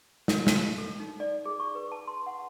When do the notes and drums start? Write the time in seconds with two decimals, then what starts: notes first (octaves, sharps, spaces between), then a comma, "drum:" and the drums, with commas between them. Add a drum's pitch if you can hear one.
0.28 drum: snare
0.47 drum: snare
0.78 A4
1.00 D#4
1.20 D5
1.46 G#4
1.60 C#6
1.75 B4
1.92 A5
2.07 C6
2.26 F#5